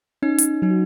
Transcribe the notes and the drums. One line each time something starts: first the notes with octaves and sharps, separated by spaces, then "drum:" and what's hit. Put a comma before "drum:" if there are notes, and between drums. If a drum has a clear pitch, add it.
C#4 D#4
drum: hi-hat
F#3 D#4
F#4